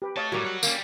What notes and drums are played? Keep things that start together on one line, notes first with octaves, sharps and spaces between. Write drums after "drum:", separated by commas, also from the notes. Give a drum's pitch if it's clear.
G4 B4
A3 C#5 D#5 F5 A5
A2 F#3 G3 F#4 A#4 A5
C#5 F#5
D3 G3 A#3 C#4, drum: tambourine